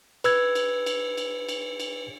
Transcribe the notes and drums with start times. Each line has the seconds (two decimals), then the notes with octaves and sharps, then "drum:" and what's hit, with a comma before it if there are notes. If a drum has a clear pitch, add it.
0.24 B4 E6 G#6, drum: cymbal
0.55 drum: cymbal
0.86 drum: cymbal
1.17 drum: cymbal
1.49 drum: cymbal
1.80 drum: cymbal